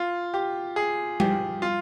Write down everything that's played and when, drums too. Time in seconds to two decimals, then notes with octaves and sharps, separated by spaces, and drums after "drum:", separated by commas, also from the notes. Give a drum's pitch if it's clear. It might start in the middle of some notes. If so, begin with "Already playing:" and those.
Already playing: F4
0.34 G4
0.76 G#4
1.20 G4, drum: tom G3
1.62 F4